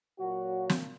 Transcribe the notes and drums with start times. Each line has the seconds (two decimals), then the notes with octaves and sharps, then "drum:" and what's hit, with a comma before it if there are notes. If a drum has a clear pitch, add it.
0.19 A#2 F#3 A#3 F#4
0.70 drum: snare